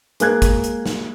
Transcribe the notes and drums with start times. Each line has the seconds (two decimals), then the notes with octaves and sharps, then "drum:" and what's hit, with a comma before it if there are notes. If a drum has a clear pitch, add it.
0.20 G#3 A#3 F#6 G#6, drum: hi-hat
0.42 drum: kick, hi-hat
0.64 drum: hi-hat
0.86 drum: snare